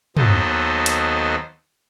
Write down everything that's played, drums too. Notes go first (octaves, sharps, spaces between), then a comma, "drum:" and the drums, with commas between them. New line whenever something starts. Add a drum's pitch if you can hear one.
D#2 F#3 B3 A4 C5 D#5, drum: tom
drum: hi-hat